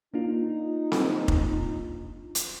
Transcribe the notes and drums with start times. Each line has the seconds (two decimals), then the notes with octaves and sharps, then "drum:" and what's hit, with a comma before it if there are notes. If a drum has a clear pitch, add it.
0.14 A#3 D4 D#4 F4
0.92 drum: snare C4
1.28 drum: kick F1
2.35 drum: hi-hat